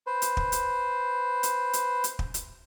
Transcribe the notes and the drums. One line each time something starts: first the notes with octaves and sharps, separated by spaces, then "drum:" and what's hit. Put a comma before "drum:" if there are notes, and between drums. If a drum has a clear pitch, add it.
B4 C5
drum: hi-hat
drum: kick
drum: hi-hat
drum: hi-hat
drum: hi-hat
drum: hi-hat
drum: kick
drum: hi-hat